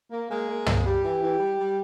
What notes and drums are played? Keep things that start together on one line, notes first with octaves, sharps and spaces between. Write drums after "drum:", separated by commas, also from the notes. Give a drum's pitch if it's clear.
A#3
G#3 A#3 G#4
A#3
A#3, drum: tom
G3 G4
E3
E3
G3
G3